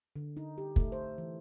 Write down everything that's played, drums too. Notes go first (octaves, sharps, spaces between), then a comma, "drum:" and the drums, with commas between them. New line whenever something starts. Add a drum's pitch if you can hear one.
D3
D#4
G4
A3, drum: kick
C5
E3